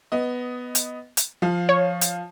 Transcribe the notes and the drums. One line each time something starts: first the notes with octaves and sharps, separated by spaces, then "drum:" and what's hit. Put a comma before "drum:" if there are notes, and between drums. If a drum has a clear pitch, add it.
B3 D#5
drum: hi-hat
drum: hi-hat
F3 F5
C#5
drum: hi-hat